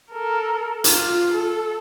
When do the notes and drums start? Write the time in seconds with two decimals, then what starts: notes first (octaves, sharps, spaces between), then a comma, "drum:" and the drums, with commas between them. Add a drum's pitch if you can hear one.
0.12 A4 A#4
0.84 F4, drum: hi-hat
1.34 A4